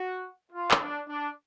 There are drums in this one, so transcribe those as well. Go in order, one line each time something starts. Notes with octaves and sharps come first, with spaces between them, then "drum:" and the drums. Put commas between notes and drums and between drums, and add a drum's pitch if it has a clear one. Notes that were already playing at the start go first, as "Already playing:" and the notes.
Already playing: F#4
F4
drum: clap
D4
D4